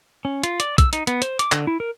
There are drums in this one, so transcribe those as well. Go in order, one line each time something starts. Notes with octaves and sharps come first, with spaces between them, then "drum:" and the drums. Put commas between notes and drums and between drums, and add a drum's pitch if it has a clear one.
C#4
F4, drum: hi-hat
D5, drum: hi-hat
E6, drum: kick, hi-hat
D#4, drum: hi-hat
B3, drum: hi-hat
C5, drum: hi-hat
D6, drum: hi-hat
D3, drum: clap
E4
A#4